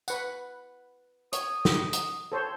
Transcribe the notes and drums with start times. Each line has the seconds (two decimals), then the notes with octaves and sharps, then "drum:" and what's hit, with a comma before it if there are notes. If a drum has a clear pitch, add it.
0.08 B4 F#5, drum: tambourine
1.33 C#5 D#6, drum: hi-hat
1.65 drum: snare
1.93 drum: hi-hat
2.32 A4 C5 C#5